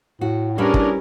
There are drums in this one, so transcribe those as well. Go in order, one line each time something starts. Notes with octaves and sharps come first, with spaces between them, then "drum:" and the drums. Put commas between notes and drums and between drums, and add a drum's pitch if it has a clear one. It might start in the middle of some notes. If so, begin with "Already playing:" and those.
A2 F#4
G3 C#4 D4 E4 G#4 A#4 B4
drum: kick